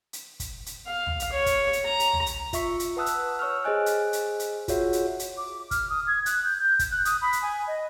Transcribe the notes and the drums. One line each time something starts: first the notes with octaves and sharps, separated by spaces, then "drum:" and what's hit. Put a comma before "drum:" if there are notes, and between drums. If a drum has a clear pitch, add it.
drum: hi-hat
drum: kick, hi-hat
drum: hi-hat
F5
drum: tom
drum: hi-hat
C#5
drum: kick, hi-hat
drum: hi-hat
A#5
drum: hi-hat
drum: tom
drum: hi-hat
F4 E5 C#6 B6, drum: kick, hi-hat
drum: hi-hat
B4 F#5 A5 D#6 E6 F#6
drum: hi-hat
C#5 C#6 E6 F6
G#4 C5 D#5 G#5 F#6
drum: hi-hat
drum: hi-hat
drum: hi-hat
F4 F#4 G#4 C#5 E5 F#5, drum: kick, hi-hat
drum: hi-hat
drum: hi-hat
D6
F6, drum: kick, hi-hat
D#6
G#6
F#6, drum: hi-hat
G6
G6
drum: kick, hi-hat
F#6
D#6, drum: hi-hat
B5
drum: hi-hat
G#5
D#5